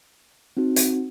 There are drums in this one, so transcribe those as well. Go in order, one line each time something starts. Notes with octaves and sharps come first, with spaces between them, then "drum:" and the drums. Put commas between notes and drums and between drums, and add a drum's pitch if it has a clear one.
C4 D#4 F#4
drum: hi-hat